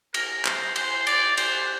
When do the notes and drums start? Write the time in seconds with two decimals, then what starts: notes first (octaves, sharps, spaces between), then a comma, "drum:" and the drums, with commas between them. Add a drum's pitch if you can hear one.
0.14 A#4, drum: cymbal
0.45 C5, drum: clap
0.76 C5, drum: cymbal
1.07 D5, drum: cymbal
1.37 C5, drum: cymbal